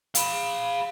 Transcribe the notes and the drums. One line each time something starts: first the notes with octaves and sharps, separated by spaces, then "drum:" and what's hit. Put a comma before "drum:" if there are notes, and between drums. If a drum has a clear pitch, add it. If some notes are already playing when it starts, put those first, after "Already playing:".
F5 B5, drum: hi-hat